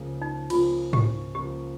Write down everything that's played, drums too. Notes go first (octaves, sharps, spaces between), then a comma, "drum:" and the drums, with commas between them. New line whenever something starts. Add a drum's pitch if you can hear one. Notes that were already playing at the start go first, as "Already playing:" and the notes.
Already playing: C#2 C#3 F3 A#3
D#4
C#2 C#3 F3 A#3 F4, drum: cymbal
G4, drum: tom G#2
C#2 C#3 F3 A#3 G4